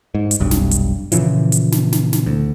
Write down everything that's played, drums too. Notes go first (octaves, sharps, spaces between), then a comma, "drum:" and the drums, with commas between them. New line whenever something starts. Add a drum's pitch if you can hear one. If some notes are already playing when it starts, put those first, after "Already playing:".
G#2
drum: hi-hat
F1 B1 G2
drum: snare
drum: hi-hat
A#2 C#3 E3 F3, drum: hi-hat
drum: hi-hat
drum: snare
drum: snare
drum: snare
D2